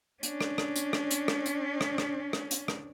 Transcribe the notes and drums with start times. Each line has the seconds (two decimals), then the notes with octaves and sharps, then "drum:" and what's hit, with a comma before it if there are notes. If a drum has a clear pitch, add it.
0.23 C#4 D4, drum: hi-hat
0.41 drum: rim click
0.58 drum: rim click
0.76 drum: hi-hat
0.93 drum: rim click
1.11 drum: hi-hat
1.28 drum: rim click
1.46 drum: hi-hat
1.81 drum: rim click
1.98 drum: rim click
2.33 drum: rim click
2.51 drum: hi-hat
2.68 drum: rim click